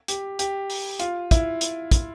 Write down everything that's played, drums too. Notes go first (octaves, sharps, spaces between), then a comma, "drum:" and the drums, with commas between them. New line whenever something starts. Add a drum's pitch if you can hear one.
G4, drum: hi-hat
G4, drum: hi-hat
drum: open hi-hat
F4, drum: hi-hat
E4, drum: kick, hi-hat
drum: hi-hat
drum: kick, hi-hat